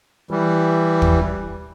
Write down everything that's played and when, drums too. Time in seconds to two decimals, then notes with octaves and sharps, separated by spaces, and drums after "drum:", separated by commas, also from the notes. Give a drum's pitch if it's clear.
0.31 E3 G3
1.02 drum: kick